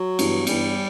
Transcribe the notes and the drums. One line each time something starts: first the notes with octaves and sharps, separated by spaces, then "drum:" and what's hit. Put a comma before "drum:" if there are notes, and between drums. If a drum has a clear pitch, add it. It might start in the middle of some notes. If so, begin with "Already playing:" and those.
Already playing: F#3
G2 E3 B3, drum: cymbal
G2 E3 G3 B3, drum: cymbal